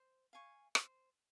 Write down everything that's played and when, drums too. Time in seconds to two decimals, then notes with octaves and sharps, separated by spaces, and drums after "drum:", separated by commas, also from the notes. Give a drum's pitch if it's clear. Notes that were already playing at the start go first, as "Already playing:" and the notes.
Already playing: C5
0.33 F5 G#5 C#6
0.75 C5, drum: rim click